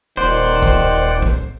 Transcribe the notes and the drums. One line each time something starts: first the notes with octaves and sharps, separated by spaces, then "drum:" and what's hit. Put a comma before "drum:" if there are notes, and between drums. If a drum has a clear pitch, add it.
D#1 D#3 C5 D5 F#5
drum: kick
drum: kick